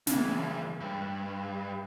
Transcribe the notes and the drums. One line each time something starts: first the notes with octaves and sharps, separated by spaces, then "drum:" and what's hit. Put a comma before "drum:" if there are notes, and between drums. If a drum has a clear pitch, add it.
C#2 E3, drum: snare
G2